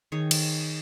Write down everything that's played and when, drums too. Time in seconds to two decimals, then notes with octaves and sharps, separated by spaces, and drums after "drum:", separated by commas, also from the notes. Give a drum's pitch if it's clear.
0.12 D#3 G#4 C#5
0.31 drum: cymbal